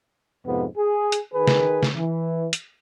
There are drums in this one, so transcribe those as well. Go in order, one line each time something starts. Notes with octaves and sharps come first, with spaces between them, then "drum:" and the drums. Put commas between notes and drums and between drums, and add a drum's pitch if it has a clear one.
F2 G#2 C3 B3
G#4
drum: hi-hat
D#3 G#4 B4
drum: snare
drum: snare
E3
drum: hi-hat